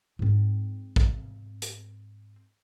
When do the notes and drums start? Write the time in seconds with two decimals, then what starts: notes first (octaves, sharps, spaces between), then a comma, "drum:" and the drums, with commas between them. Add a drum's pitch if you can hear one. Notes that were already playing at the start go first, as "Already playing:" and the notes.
0.19 G#2 C4
0.96 drum: kick
1.62 drum: hi-hat